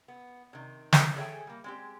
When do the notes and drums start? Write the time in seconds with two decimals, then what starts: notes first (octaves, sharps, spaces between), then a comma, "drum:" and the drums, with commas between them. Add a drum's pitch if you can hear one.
0.08 B3
0.53 C3 D#3
0.93 drum: snare
1.16 G#4 A4 C#5 E5 G5 G#5
1.47 G3 A#3
1.64 G#3 C4 G4